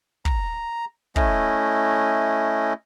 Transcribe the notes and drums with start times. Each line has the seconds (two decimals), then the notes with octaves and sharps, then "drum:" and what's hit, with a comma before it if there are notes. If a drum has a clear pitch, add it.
0.25 A#5, drum: kick
1.16 A3 C#4 E4 D#5, drum: kick